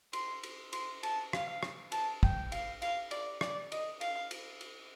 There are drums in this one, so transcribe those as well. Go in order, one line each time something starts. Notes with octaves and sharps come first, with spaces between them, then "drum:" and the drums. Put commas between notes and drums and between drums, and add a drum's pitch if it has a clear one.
C6, drum: cymbal
drum: cymbal
C6, drum: cymbal
A5, drum: cymbal
F5, drum: rim click
drum: rim click
A5, drum: cymbal
G5, drum: kick
F5, drum: cymbal
F5, drum: cymbal
D5, drum: cymbal
D5, drum: rim click
D#5, drum: cymbal
F5, drum: cymbal
drum: cymbal
drum: cymbal